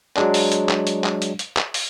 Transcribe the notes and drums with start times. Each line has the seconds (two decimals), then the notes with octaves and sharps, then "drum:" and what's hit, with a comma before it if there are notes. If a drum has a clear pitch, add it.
0.17 F#3 G#3 D4, drum: clap
0.34 drum: open hi-hat
0.52 drum: hi-hat
0.69 drum: clap
0.87 drum: hi-hat
1.04 drum: clap
1.22 drum: hi-hat
1.39 drum: hi-hat
1.57 drum: clap
1.74 drum: open hi-hat